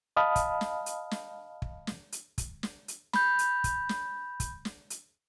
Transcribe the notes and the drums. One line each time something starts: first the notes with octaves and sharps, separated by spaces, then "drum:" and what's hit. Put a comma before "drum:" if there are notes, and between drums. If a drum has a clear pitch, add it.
D#5 F5 A5 B5 D#6 F6
drum: kick, hi-hat
drum: snare
drum: hi-hat
drum: snare
drum: kick
drum: snare
drum: hi-hat
drum: kick, hi-hat
drum: snare
drum: hi-hat
B5 G6, drum: snare
drum: hi-hat
drum: kick, hi-hat
drum: snare
drum: kick, hi-hat
drum: snare
drum: hi-hat